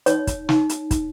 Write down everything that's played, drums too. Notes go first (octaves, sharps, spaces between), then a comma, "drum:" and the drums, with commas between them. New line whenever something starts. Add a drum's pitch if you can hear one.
D#4 C#5, drum: hi-hat
drum: kick, hi-hat
D#4, drum: snare
drum: hi-hat
D#4, drum: kick, hi-hat